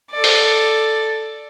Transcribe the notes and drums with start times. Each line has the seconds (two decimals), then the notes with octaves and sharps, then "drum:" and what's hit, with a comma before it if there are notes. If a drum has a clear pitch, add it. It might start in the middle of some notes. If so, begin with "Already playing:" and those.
0.12 A4 D5
0.24 drum: open hi-hat